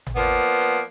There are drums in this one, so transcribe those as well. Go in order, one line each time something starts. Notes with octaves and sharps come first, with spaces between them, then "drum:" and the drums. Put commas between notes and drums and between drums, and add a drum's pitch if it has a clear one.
drum: tom G#1
F3 A#3 B3 D5
drum: hi-hat